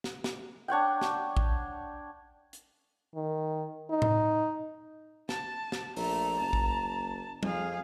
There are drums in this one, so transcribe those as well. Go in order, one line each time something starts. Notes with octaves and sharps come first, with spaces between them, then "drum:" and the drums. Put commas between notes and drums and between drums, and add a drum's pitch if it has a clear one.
drum: snare
drum: snare
D4 C#5 F#5 G5
drum: snare
drum: kick A1
drum: hi-hat
D#3
D#4
drum: tom A2
A5, drum: snare
drum: snare
A#1 A3 A#5, drum: open hi-hat
F#1 A5
drum: kick A1
F2 G#4 F5, drum: tom G3